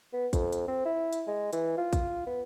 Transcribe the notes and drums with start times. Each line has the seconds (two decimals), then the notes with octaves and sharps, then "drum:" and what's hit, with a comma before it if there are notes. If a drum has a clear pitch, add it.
0.13 B3
0.33 F2, drum: kick, hi-hat
0.52 drum: hi-hat
0.68 C4
0.85 E4
1.13 drum: hi-hat
1.28 G#3
1.53 E3, drum: hi-hat
1.78 F4
1.93 drum: kick, hi-hat
2.27 B3